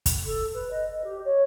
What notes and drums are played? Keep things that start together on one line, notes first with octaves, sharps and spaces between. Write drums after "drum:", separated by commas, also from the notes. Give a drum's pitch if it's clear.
drum: kick, hi-hat
A4
B4
D#5
D#5
G4
C#5